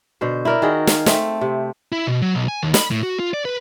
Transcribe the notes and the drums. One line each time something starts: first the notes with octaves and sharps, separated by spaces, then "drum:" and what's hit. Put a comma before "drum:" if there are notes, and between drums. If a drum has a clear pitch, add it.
B2 D3 C5
E4 A#4 D5
D#3 F#4 G#4 F#5
F5, drum: snare
A3 C4, drum: snare
C3
E4
B2
F#3
B1
G#5
D#2
B5, drum: snare
A2
F#4
F4
D5
B4